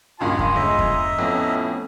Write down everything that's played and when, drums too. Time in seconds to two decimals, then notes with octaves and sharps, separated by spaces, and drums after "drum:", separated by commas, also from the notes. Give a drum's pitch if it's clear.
0.21 C#2 G2 A#2 F4 G#5 C6
0.39 drum: kick E2
0.56 G1 G#3 D#5 E5 A#5
0.79 drum: kick E2
1.18 F2 A2 B3 C#4